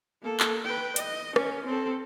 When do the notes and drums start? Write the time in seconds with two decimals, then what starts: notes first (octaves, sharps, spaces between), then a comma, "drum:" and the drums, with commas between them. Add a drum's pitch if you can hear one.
0.22 A#3 A4
0.40 drum: clap
0.65 B4 G5
0.96 D#5, drum: hi-hat
1.36 C#4, drum: rim click
1.66 C4 A4